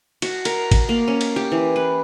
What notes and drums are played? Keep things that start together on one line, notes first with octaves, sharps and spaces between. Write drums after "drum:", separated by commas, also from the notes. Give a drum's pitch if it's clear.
F#4, drum: cymbal
A#4, drum: cymbal
drum: kick, cymbal
A#3
C#4
drum: cymbal
G4
E3
B4